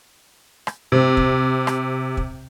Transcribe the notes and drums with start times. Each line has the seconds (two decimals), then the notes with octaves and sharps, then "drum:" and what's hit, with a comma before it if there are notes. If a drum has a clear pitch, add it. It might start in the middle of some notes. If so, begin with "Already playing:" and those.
0.67 drum: rim click
0.92 C3
1.17 drum: kick
1.67 drum: rim click
2.17 drum: kick